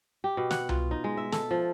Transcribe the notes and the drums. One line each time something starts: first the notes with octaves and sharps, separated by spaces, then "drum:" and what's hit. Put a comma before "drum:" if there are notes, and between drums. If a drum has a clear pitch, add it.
G4
B2
F#5, drum: snare
F4, drum: tom C2
D#4
G#3
E5
A4, drum: snare
F3